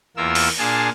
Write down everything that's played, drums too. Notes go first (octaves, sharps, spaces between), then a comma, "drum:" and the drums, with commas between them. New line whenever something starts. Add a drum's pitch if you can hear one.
E2 A#3 F4 A#4 E6
drum: open hi-hat
A#2 D4 G#4 F5 G#5 A5